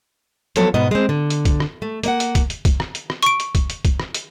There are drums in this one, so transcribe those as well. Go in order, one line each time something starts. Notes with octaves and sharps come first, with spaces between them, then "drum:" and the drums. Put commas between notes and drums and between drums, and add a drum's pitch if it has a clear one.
F3 F#3 B3 A4 C#5, drum: hi-hat
G#2 B2 B3 D#5
G#3 C4
D3
drum: hi-hat
drum: kick, hi-hat
drum: rim click
A3
A#3 D#5 F#5, drum: hi-hat
drum: hi-hat
drum: kick, hi-hat
drum: hi-hat
drum: kick, hi-hat
drum: rim click
drum: hi-hat
drum: rim click
C#6 D7, drum: hi-hat
drum: hi-hat
drum: kick, hi-hat
drum: hi-hat
drum: kick, hi-hat
drum: rim click
drum: hi-hat